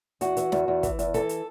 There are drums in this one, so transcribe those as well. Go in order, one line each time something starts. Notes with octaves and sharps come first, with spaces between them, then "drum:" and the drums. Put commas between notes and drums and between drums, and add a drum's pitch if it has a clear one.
E2 F#4, drum: hi-hat
E3, drum: hi-hat
E2, drum: snare
E2
E3, drum: kick, hi-hat
E2, drum: hi-hat
E3 A4, drum: hi-hat
drum: hi-hat